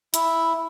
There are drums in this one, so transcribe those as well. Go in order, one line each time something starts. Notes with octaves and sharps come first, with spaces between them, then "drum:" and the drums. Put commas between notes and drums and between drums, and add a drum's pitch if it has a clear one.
E4, drum: hi-hat